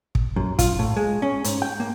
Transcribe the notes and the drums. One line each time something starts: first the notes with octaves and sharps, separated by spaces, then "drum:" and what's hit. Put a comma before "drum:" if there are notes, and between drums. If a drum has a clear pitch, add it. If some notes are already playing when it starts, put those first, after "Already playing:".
drum: kick
F#2
F4, drum: kick, hi-hat
A2
G#3
C#4
G#2, drum: hi-hat
G5
A#3